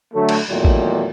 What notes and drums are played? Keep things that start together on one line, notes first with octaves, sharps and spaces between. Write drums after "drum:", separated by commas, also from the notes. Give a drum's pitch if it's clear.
D3 F#3 A3
drum: cymbal
E2 A#2 D#3 F#3 A3
drum: kick A1